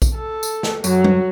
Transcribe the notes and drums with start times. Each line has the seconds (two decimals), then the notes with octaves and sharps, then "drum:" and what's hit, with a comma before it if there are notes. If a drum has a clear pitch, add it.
0.02 drum: kick A#1, tambourine
0.16 A4
0.43 drum: tambourine
0.63 drum: snare
0.84 F#2 F#3, drum: tambourine
1.04 drum: tom G3